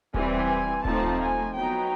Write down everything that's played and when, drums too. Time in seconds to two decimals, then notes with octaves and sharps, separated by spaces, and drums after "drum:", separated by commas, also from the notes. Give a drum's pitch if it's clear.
0.14 E3 G3 C4 G#5, drum: kick D#1
0.85 F3 A3 C4 D#4 A5, drum: kick D#1
1.19 G#5
1.55 F#3 B3 D#4 G5